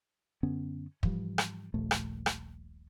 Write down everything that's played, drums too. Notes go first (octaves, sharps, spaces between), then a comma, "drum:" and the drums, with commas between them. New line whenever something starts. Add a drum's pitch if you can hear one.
F#2 D3 B3 C#4
G#2 E3 F3 G3, drum: kick
drum: rim click
D#1 A#1 A3
drum: rim click
drum: rim click